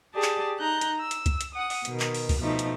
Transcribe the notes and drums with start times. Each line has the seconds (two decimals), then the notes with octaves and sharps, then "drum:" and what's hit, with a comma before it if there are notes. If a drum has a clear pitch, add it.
0.13 G4 G#4 D5 A5
0.22 drum: clap
0.59 D#4 A#5 F#6 G6
0.81 drum: hi-hat
1.00 E6
1.11 drum: hi-hat
1.26 drum: kick C#2, hi-hat
1.41 drum: hi-hat
1.53 F#5 D#6
1.70 drum: open hi-hat
1.85 B2 D#3, drum: hi-hat
2.00 drum: clap
2.15 drum: open hi-hat
2.29 drum: kick C#2, open hi-hat
2.39 B2 F3 A3 D#4
2.59 drum: hi-hat